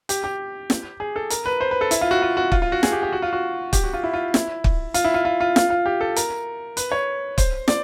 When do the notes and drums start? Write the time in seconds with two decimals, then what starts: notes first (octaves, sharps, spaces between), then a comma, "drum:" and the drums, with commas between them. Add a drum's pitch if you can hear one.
0.09 G4, drum: hi-hat
0.24 G4
0.70 drum: snare
1.00 G#4
1.16 A4
1.30 A#4, drum: hi-hat
1.46 B4
1.60 C5
1.71 B4
1.81 A4
1.91 E4, drum: hi-hat
2.01 F4
2.11 F#4
2.22 F4
2.37 F#4
2.52 F4, drum: kick
2.62 F4
2.72 F#4
2.83 G#4, drum: snare
2.92 G4
3.03 G4
3.13 F#4
3.22 F4
3.33 F#4
3.73 G4, drum: kick, hi-hat
3.84 F#4
3.94 F4
4.03 E4
4.13 F4
4.34 E4, drum: snare
4.64 drum: kick
4.94 F4, drum: hi-hat
5.04 E4
5.14 F4
5.25 F4
5.40 F4
5.56 F4, drum: snare
5.70 F4
5.86 G4
6.01 A4
6.16 A#4, drum: hi-hat
6.77 B4, drum: hi-hat
6.92 C#5
7.38 C5, drum: kick, hi-hat
7.68 D5, drum: snare